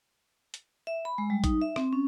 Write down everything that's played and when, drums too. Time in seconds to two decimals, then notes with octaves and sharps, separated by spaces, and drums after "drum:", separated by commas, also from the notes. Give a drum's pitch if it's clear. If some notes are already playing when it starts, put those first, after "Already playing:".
0.54 drum: hi-hat
0.87 E5
1.05 B5
1.18 G#3
1.30 G3
1.44 D#4, drum: kick A1, hi-hat
1.61 E5
1.76 C4, drum: rim click
1.93 C#4